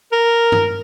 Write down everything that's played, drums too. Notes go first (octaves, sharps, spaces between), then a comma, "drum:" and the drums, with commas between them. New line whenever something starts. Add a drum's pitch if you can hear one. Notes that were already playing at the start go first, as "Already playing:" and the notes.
A#4
drum: tom G2